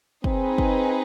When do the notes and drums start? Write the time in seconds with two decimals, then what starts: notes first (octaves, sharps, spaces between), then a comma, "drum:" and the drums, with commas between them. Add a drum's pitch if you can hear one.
0.24 C4 D#4 G#4 B4, drum: kick
0.58 drum: kick